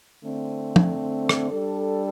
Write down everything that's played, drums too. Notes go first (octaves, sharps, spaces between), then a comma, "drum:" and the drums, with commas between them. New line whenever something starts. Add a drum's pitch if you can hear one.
D3 A3 C4
drum: tom
drum: rim click
G3 D4 A4